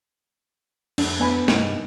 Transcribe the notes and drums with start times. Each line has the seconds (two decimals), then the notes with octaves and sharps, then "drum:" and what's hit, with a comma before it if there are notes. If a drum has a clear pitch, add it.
0.98 F2 D4, drum: cymbal
1.20 B3 G#5 B5
1.48 G2 C3 D#4, drum: snare